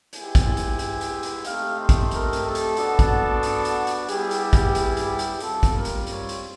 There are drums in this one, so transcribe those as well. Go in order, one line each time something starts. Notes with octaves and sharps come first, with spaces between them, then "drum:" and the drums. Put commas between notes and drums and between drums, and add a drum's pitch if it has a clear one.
G#3 B3 E4 G4 G#5, drum: hi-hat
drum: kick, hi-hat
drum: hi-hat
drum: hi-hat
drum: hi-hat
drum: hi-hat
A3 C4 D#4 G4 F5, drum: hi-hat
C5
drum: kick, hi-hat
A#4, drum: hi-hat
drum: hi-hat
A4
drum: hi-hat
B3 D4 F#4, drum: hi-hat
drum: kick, hi-hat
drum: hi-hat
drum: hi-hat
drum: hi-hat
G3 B3 E4 G4 G#4, drum: hi-hat
drum: hi-hat
G#4
drum: kick, hi-hat
drum: hi-hat
drum: hi-hat
drum: hi-hat
G3 C4 F4 A4, drum: hi-hat
drum: kick, hi-hat
A#4
drum: hi-hat
C#5, drum: hi-hat
drum: hi-hat